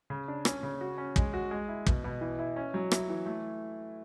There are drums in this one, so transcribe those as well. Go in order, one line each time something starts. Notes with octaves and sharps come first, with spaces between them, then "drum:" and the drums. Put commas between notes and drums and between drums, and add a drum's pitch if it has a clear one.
C#3
D4
C#4, drum: rim click
C#3
F#4
C#4
G#3, drum: kick
F#4
G#3
E4
B2, drum: kick
B2
E3
E4
C#4
F#3
E4, drum: rim click
E3
A3